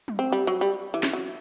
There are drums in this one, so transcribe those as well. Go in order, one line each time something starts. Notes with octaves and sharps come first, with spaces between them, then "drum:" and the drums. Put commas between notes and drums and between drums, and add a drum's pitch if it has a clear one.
drum: tom F#3
C4
G3
F#3
G3
E3
drum: snare
F#3